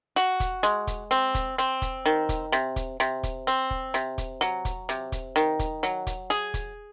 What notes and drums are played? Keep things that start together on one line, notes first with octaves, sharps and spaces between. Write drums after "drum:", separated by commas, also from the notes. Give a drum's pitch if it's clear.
F#4, drum: hi-hat
drum: kick, hi-hat
G#3, drum: hi-hat
drum: kick, hi-hat
C4, drum: hi-hat
drum: kick, hi-hat
C4, drum: hi-hat
drum: kick, hi-hat
D#3
drum: kick, hi-hat
C3, drum: hi-hat
drum: kick, hi-hat
C3, drum: hi-hat
drum: kick, hi-hat
C4, drum: hi-hat
drum: kick
C3, drum: hi-hat
drum: kick, hi-hat
F#3, drum: hi-hat
drum: kick, hi-hat
C3, drum: hi-hat
drum: kick, hi-hat
D#3, drum: hi-hat
drum: kick, hi-hat
F#3, drum: hi-hat
drum: kick, hi-hat
G#4, drum: hi-hat
drum: kick, hi-hat